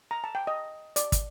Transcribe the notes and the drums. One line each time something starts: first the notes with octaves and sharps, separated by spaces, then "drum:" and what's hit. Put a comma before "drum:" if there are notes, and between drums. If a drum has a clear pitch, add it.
A#5
A5
G5
D#5
D5, drum: hi-hat
drum: kick, hi-hat